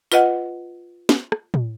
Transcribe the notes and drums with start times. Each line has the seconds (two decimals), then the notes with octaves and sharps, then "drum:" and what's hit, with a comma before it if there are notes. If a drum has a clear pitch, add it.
0.12 F4 B4 D#5 F#5, drum: tambourine
1.09 drum: snare
1.32 drum: rim click
1.54 drum: tom A2